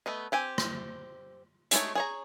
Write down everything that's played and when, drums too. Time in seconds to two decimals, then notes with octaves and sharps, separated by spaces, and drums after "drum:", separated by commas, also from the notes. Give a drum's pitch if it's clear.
0.06 A3 B3 D#5
0.32 C4 G4 G#5
0.58 drum: rim click
1.71 F#3 G#3 A3 D#4 C#5, drum: hi-hat
1.95 G#4 C#5 A#5